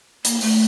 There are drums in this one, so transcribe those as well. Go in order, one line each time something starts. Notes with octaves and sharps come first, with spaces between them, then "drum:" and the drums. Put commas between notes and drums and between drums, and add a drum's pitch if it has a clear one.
A#3, drum: hi-hat
A3, drum: open hi-hat